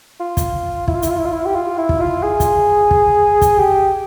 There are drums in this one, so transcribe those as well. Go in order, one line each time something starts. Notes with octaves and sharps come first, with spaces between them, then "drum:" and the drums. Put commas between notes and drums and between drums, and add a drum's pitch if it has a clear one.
F4
drum: kick, hi-hat
E4, drum: kick
F4
E4, drum: hi-hat
F4
E4
F4
E4
G4
F4
E4
drum: kick
F4
G#4
drum: kick, hi-hat
drum: kick
drum: kick, hi-hat
G4